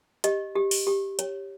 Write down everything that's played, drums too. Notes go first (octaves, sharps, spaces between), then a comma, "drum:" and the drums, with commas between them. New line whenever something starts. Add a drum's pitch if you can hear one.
G4 D#5, drum: hi-hat
G4
drum: open hi-hat
G4
C#5, drum: hi-hat